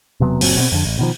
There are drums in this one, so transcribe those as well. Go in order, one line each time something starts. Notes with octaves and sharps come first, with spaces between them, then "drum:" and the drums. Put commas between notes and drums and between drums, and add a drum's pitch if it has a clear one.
E1 C3 F#3 B3
F#1 A#2 F#3 C4, drum: open hi-hat
B2 B3 C4
F2 D3
A1
B2 D#3 F3